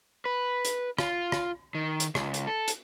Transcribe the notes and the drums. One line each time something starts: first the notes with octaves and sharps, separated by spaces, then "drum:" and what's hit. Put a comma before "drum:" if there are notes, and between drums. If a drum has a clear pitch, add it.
B4
drum: hi-hat
F4, drum: rim click
drum: rim click
D#3
drum: hi-hat
C#2, drum: rim click
drum: hi-hat
A4
drum: hi-hat